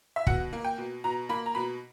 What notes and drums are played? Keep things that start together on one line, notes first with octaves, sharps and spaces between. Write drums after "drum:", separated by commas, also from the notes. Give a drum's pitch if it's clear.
E5
B2 F#5, drum: kick
A#3
G5
B2
B2 A#5
A#3 B5
A#5
B2 B5